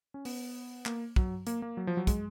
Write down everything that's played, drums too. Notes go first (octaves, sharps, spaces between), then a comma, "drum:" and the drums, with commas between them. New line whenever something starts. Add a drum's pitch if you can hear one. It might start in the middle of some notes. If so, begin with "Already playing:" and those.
C#4
B3, drum: open hi-hat
A#3, drum: clap
F#3, drum: kick
A#3, drum: hi-hat
A#3
F#3
F3
F#3
G#3, drum: kick, hi-hat